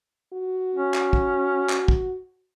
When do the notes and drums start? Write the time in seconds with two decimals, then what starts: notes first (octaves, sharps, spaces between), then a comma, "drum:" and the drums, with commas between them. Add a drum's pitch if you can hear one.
0.33 F#4
0.75 C#4
0.94 drum: clap
1.13 drum: kick
1.70 drum: clap
1.88 drum: kick